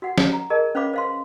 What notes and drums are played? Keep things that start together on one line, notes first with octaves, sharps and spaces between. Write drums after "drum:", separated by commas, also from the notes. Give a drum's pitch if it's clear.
F#4 F#5
drum: snare
A#5
G#4 A#4 D#5 A5
C#4 B4 C#5 F5 B5 D6
C5 F5 C6